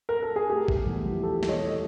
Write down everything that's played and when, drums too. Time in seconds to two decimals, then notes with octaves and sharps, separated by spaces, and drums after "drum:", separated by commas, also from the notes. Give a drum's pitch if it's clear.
0.09 A#4
0.22 A4
0.36 G#4
0.50 A3 G4
0.68 A3, drum: kick A1
0.87 E2
1.05 F3
1.24 A3 G4 A4
1.43 E2, drum: snare
1.49 C#5 D#5
1.61 A3
1.68 D#5